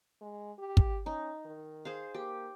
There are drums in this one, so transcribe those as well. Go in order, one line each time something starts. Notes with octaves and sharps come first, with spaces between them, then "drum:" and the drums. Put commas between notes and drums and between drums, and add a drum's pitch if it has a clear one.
G#3
G4
drum: kick
C#4 D#4
D#3
G#4 C5 F5
A#3 G4